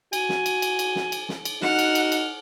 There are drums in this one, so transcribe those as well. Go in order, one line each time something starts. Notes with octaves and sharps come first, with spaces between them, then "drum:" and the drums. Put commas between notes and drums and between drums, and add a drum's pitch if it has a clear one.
F#4 G#5, drum: cymbal
drum: snare
drum: cymbal
drum: cymbal
drum: cymbal
drum: snare
drum: cymbal
drum: snare
drum: cymbal
D#4 F#4 F#5 F6, drum: snare
drum: cymbal
drum: cymbal
drum: cymbal